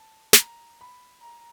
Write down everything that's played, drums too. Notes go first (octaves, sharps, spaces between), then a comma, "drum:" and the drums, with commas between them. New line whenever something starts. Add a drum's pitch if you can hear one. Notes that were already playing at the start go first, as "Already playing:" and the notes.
Already playing: A5
B5, drum: snare
A#5
B5
A#5